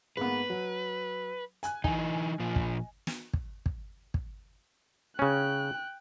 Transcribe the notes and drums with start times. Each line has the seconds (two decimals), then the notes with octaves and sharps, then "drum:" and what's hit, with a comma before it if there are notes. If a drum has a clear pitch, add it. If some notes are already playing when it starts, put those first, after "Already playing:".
0.17 G#2 A#3 B3 B4
0.50 F#3
1.63 G#5 F#6, drum: hi-hat
1.84 E3 D#4 D#5 G#5, drum: kick
2.40 A#2 F3
2.56 drum: kick
3.07 drum: snare
3.33 drum: kick
3.66 drum: kick
4.14 drum: kick
5.19 C#3 C#4 G5 F#6